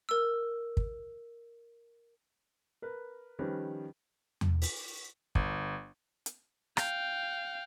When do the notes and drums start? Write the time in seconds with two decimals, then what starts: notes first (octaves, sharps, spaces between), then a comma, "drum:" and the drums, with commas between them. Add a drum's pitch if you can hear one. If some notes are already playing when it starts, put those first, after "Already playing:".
0.09 A#4 E6
0.77 drum: kick
2.82 A#4 B4
3.39 D#3 F3 G3 C#4 B4
4.41 drum: tom E2
4.62 drum: open hi-hat
5.35 G1, drum: kick
6.26 drum: hi-hat
6.77 F5 G5, drum: rim click